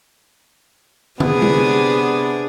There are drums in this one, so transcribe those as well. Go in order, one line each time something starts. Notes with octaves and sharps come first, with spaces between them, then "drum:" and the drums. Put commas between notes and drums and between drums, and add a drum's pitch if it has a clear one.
C3 B3 D4 G#4, drum: tom
drum: tom G#3